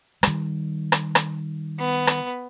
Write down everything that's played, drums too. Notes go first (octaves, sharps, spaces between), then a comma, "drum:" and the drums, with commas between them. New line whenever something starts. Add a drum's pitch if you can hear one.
D#3 G3, drum: rim click
drum: rim click
drum: rim click
B3
drum: rim click